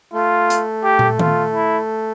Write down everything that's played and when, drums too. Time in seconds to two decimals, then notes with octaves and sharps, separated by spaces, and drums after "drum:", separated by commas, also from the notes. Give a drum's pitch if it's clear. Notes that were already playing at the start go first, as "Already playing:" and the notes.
0.13 A3 F4
0.50 drum: hi-hat
0.84 G4
0.99 drum: tom
1.19 F4, drum: tom D#3
1.54 E4